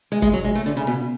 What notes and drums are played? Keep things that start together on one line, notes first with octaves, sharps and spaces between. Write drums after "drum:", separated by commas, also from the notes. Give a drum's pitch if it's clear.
G#3
G#3, drum: kick G#1, hi-hat
F#3
G#3
A3
D3, drum: hi-hat
C#3
B2